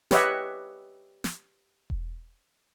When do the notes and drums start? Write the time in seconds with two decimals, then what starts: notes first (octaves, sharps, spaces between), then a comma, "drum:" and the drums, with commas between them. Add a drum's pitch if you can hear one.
0.11 G4 B4 C#5 D#5 E5 F#5, drum: snare
1.24 drum: snare
1.90 drum: kick E1